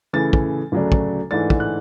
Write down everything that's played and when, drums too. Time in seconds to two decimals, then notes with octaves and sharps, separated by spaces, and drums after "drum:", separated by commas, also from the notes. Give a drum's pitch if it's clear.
0.13 C#3 E3 A3 A6
0.33 drum: kick
0.72 D2 C#3 F#3 A3 D4
0.92 drum: kick
1.31 G#2 E3 A3 D4 A6
1.50 drum: kick
1.60 F#6